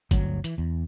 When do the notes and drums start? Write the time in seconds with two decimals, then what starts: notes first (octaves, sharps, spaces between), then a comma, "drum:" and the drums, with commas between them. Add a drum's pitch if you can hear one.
0.11 G1 D2 F#3, drum: kick G#1, hi-hat
0.44 E3, drum: hi-hat
0.58 E2